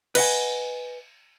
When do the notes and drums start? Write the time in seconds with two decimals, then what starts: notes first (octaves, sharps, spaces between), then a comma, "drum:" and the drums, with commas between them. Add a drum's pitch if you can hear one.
0.15 B4 D#5 F#5 G#5, drum: cymbal